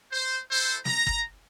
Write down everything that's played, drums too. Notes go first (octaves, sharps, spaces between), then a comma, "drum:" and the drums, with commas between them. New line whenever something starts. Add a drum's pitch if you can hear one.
C5
E4 A4 C5
A#5, drum: snare
drum: kick